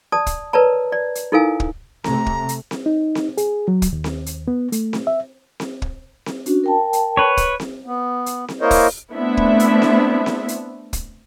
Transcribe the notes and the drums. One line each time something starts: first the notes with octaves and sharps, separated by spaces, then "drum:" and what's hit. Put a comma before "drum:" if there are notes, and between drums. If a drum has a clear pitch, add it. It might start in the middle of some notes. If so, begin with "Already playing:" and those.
D5 A5 D#6
drum: kick, hi-hat
A#4 B4 C#5 D5 A5 A#5
D5
drum: hi-hat
D#4 E4 A4 A#4 F5 G#5
drum: kick
C3 A3 A#5, drum: snare C4
drum: kick
drum: hi-hat
drum: snare C4
D#4
drum: snare C4
G#4, drum: hi-hat
F#3
drum: kick, hi-hat
D#2
drum: snare C4
drum: hi-hat
B3
A3, drum: hi-hat
drum: snare C4
E5
drum: snare C4
drum: kick
drum: snare C4
C#4 D4 F#4, drum: hi-hat
A#4 G5 A5
drum: hi-hat
B4 C#5
drum: kick, hi-hat
drum: snare C4
B3
drum: hi-hat
drum: snare C4
A#3 E4 A#4 C5 C#5 D#5
drum: kick, open hi-hat
A3 B3 C4 D4 E4 E5
drum: kick
drum: hi-hat
drum: snare C4
drum: snare C4
drum: hi-hat
drum: kick, hi-hat